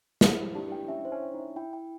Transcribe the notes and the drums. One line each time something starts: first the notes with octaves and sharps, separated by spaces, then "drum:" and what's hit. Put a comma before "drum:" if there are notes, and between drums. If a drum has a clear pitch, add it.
E4 C5, drum: snare
G4
D4 G4
G5
C#4 E5
C5
C#4
G5
D#4 E5
E4 G5
G5